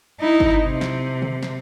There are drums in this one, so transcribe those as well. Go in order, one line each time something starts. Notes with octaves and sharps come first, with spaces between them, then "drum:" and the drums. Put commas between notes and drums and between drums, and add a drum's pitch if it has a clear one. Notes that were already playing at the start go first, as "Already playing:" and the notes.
D#4 E4
drum: kick G1
C3
drum: snare
drum: tom
drum: snare